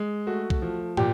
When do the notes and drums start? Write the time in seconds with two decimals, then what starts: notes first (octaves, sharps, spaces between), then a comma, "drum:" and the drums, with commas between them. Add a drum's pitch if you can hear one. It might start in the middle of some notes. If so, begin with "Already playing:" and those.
Already playing: G#3
0.27 A3 F#4
0.50 drum: kick
0.62 F3
0.97 A#2 G4, drum: tom